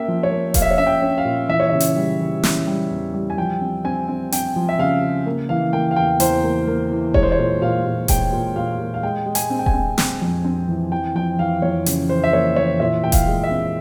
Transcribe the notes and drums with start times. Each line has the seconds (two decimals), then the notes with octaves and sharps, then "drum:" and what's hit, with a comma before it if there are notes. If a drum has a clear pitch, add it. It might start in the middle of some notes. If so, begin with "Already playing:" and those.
Already playing: A#3 C#4 E5 G5
0.08 F3
0.23 C#5
0.31 A#3
0.54 A#3 F5, drum: kick E1, hi-hat
0.62 E5
0.71 C#5
0.78 C#4 E5
0.86 G5
1.02 C#4
1.18 F5
1.25 A#2
1.49 E3 E5
1.60 C#5
1.69 C#3 E5
1.80 drum: hi-hat
1.96 G3
2.20 E3
2.43 C#3, drum: snare
2.67 G3
2.90 E2
3.13 G3
3.30 G#5
3.37 F3 G5
3.61 C4
3.84 C4 G#5
4.08 C4
4.32 C4 G5, drum: hi-hat
4.56 F3
4.69 E5
4.79 C#3 F5
5.02 C#3
5.26 A#3
5.49 E3 F5
5.73 A#3 G5
5.91 F5
5.96 E2 G5
6.20 E2 C5, drum: hi-hat
6.44 A#3
6.67 A#3
6.92 E3
7.14 G#3 C#5, drum: kick E1
7.23 C5
7.32 C#5
7.38 A#2
7.61 A#2 F5
7.85 A#2
8.08 G#3 G5, drum: kick E1, hi-hat
8.32 A#2
8.56 A#2 F5
8.79 A#2
8.94 F5
9.03 G#3 G5
9.26 G#3
9.35 G#5, drum: hi-hat
9.50 C4
9.59 G5
9.66 G#5, drum: kick E1
9.74 C4
9.98 C4, drum: snare
10.22 F2
10.44 C4
10.68 E3
10.92 E3 G5
11.15 F2 G5
11.39 E3 F5
11.62 F2 C#5
11.86 C#3, drum: hi-hat
12.09 E3 C5
12.24 E5
12.33 A#3 C#5
12.56 E3 C#5
12.80 A#2 E5
13.04 A#2 G5
13.12 F5, drum: kick E1, hi-hat
13.27 G#3
13.44 E5
13.51 C4